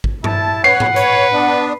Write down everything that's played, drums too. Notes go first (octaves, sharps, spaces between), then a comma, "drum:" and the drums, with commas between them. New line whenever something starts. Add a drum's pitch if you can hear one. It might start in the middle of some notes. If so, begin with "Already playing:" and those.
drum: kick G#1
E4 A5, drum: tom G2
B4 C#5 F#5 C7
drum: tom G#2
B4 C#5, drum: hi-hat
B3 D4